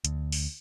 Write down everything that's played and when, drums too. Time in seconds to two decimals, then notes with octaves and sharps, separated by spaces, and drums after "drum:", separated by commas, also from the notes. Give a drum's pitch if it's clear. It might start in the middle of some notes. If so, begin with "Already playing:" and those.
0.05 D2, drum: hi-hat
0.32 drum: open hi-hat